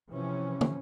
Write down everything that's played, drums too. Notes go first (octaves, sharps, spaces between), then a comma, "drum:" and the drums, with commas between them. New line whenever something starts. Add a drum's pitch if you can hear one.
C3 E3 F3 C#4
drum: tom